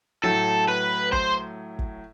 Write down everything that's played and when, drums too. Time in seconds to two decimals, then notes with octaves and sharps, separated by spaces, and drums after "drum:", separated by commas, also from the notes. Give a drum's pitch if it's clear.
0.23 A2 F#3 A3 A4
0.68 B4
1.13 C5, drum: kick
1.79 drum: kick